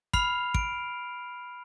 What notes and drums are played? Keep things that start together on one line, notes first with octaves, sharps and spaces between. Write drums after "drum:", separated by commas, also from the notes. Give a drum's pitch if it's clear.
B5 F6 C7 F7, drum: kick
D7, drum: kick